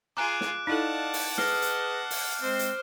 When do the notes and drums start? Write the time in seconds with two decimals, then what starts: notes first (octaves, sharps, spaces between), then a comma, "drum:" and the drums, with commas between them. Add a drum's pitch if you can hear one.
0.17 F4 G#4 G#5 A#5 D6 F#6 D7
0.41 drum: snare
0.67 D#4 E4 A4 D5 D#5 F5 F#5 A5
1.14 drum: open hi-hat
1.38 G#4 B4 D#5 F6 C7, drum: snare
1.62 drum: hi-hat
2.11 drum: open hi-hat
2.41 G#3 C4 C5
2.59 drum: hi-hat